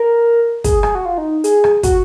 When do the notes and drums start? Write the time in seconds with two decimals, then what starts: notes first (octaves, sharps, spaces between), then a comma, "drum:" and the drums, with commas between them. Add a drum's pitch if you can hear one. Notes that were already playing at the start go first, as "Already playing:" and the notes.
Already playing: A#4
0.64 G#4, drum: kick, hi-hat
0.83 G#4, drum: rim click
0.95 F#4
1.05 F4
1.18 D#4
1.44 G#4, drum: hi-hat
1.64 drum: rim click
1.83 F#4, drum: kick, hi-hat